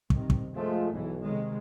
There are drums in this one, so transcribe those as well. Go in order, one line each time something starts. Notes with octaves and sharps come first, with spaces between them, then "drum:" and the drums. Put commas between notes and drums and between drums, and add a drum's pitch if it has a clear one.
G2 C3 D#3, drum: kick
drum: kick
F3 G#3 A3
B1 G#2 E3
C3 D#3 G#3